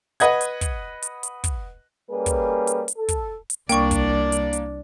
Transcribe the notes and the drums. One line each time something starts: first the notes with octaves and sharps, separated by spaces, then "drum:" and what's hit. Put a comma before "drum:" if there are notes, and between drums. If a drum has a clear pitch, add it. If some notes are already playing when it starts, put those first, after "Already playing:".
B4 D#5 F#5 G#6, drum: hi-hat
drum: hi-hat
drum: kick, hi-hat
drum: hi-hat
drum: hi-hat
drum: kick, hi-hat
G3 A#3 C#4 G#4 B4
drum: kick, hi-hat
drum: hi-hat
drum: hi-hat
A4
drum: kick, hi-hat
drum: hi-hat
C2 A#3 D4 D5 G5 C#6, drum: hi-hat
drum: kick, hi-hat
drum: hi-hat
drum: hi-hat